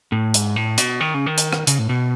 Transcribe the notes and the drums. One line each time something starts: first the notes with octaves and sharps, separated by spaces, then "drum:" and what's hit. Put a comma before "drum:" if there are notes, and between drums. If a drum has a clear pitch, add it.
A2
G#2, drum: hi-hat
A2
B2, drum: hi-hat
D#3
C#3
D#3
drum: hi-hat
drum: rim click
C#3, drum: hi-hat
A2
B2